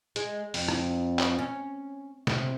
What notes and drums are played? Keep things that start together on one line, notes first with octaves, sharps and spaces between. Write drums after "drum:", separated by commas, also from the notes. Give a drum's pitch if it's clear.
G#3, drum: hi-hat
F2, drum: open hi-hat
drum: rim click
drum: clap
C#4
C3, drum: snare